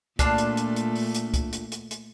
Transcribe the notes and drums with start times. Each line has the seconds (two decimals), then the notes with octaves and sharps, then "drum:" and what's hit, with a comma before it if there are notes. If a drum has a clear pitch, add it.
0.19 A#2 A3 D4 F4 A5, drum: kick C2, hi-hat
0.38 drum: hi-hat
0.57 drum: hi-hat
0.76 drum: hi-hat
0.96 drum: open hi-hat
1.15 drum: hi-hat
1.34 drum: kick C2, hi-hat
1.53 drum: hi-hat
1.72 drum: hi-hat
1.91 drum: hi-hat